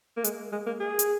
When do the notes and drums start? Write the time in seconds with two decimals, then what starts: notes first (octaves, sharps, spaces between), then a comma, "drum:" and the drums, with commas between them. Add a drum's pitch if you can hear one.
0.17 A#3
0.24 G#3, drum: hi-hat
0.52 G#3
0.66 A#3
0.80 G#4
0.99 drum: hi-hat